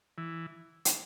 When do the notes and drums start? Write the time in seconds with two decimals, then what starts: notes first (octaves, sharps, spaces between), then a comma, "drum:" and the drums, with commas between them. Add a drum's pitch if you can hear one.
0.18 E3
0.85 drum: hi-hat